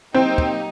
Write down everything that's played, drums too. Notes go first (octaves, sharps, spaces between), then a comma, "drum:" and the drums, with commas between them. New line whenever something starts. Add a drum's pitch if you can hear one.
F#3 A#3 C4 D#4 G4
drum: kick